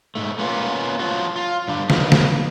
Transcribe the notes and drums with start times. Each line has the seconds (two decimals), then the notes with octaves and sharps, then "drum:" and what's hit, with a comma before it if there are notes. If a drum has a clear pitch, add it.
0.15 G#2 A3
0.39 A#3 B3 C#4 F4
0.99 F3 F#3 D#4 F4 F#4
1.36 F4
1.68 G2 D3 G3
1.90 F3 F#3 A#3 B3 D#4, drum: snare
2.12 drum: snare